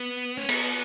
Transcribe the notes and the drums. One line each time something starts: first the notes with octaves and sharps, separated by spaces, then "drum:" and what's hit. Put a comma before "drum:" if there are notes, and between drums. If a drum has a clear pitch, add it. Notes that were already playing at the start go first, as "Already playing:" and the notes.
Already playing: B3
C#4
B3, drum: cymbal